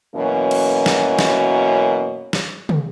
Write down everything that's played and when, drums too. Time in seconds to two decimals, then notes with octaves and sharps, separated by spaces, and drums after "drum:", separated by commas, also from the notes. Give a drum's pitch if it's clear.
0.14 F#2 B2 E3 A#3 C#4
0.51 drum: cymbal
0.86 drum: snare
1.19 drum: snare
2.33 drum: snare
2.69 drum: tom